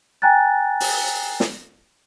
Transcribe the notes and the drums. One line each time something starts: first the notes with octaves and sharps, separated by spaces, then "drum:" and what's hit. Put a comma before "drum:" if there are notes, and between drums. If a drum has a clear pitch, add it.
G5 G#5 A#5 F#6 A6
drum: open hi-hat
drum: snare